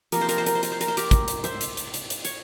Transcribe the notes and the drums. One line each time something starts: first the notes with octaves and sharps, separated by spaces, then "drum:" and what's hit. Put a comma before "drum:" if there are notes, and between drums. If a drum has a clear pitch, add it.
C3 F3 A#3 A#4, drum: hi-hat
C5
A#4, drum: hi-hat
C5
A#4, drum: hi-hat
C5
A#4, drum: hi-hat
C5
A#4, drum: hi-hat
C5
G4 A#4, drum: hi-hat
drum: kick, hi-hat
drum: hi-hat
C5 E5, drum: hi-hat
drum: hi-hat
drum: hi-hat
drum: hi-hat
drum: hi-hat
C#5, drum: hi-hat